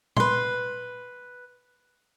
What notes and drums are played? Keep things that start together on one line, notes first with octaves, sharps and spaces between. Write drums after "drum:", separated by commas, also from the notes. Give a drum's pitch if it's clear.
B4 C6, drum: tom